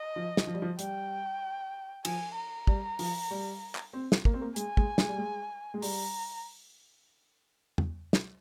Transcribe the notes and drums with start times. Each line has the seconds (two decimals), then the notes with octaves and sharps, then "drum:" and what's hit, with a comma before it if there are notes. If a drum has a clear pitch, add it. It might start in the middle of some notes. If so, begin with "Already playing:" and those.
Already playing: D#5
0.16 F3
0.37 drum: snare
0.47 F3
0.54 G3
0.62 F3
0.79 G3 G5, drum: hi-hat
2.05 F3 G#5, drum: cymbal
2.36 A#5
2.67 G3, drum: kick
2.99 F3, drum: open hi-hat
3.31 G3
3.75 drum: clap
3.93 C4
4.12 drum: snare
4.25 A#3, drum: kick
4.34 C4
4.41 A#3
4.56 G#3 G#5, drum: hi-hat
4.77 G#3, drum: kick
4.98 G#3, drum: snare
5.08 G3
5.18 G#3
5.74 G#3
5.82 G3 A#5, drum: open hi-hat
7.78 drum: tom E2
8.13 drum: snare